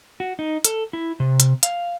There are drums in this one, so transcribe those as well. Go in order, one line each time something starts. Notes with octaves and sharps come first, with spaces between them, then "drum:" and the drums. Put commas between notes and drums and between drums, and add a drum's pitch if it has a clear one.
F#4
D#4
A4, drum: hi-hat
E4
C3
drum: hi-hat
F5, drum: hi-hat